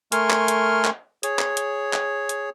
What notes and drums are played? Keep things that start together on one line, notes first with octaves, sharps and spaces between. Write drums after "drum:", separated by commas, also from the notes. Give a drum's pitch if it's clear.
A3 A#4 G#5 C6 C#6 F6, drum: hi-hat
drum: clap
drum: hi-hat
drum: clap
G#4 C#5, drum: hi-hat
drum: clap
drum: hi-hat
drum: clap
drum: hi-hat